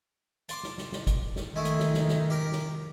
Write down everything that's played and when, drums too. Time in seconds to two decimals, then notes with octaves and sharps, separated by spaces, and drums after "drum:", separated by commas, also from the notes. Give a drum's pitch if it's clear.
0.49 A5 C6 D6, drum: hi-hat
0.63 drum: snare
0.78 drum: snare
0.92 drum: snare
1.07 drum: kick, hi-hat
1.36 drum: snare
1.56 D#3 G#3 A3 E4
1.65 drum: hi-hat
1.79 drum: snare
1.94 drum: snare
2.08 drum: snare
2.30 G4 A#4
2.52 drum: snare